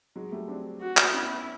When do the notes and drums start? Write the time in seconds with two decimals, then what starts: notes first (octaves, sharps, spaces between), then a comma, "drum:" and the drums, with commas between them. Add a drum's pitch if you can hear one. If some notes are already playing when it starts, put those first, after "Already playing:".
0.16 F#3 G#3
0.32 G3 A3
0.48 C4 D4
0.81 F#4
0.97 drum: clap
1.13 B3 C#4 E4